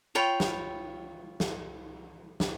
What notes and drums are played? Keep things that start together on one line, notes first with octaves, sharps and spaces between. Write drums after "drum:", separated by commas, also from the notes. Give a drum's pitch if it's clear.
F4 C#5 G5 B5
drum: snare
drum: snare
drum: snare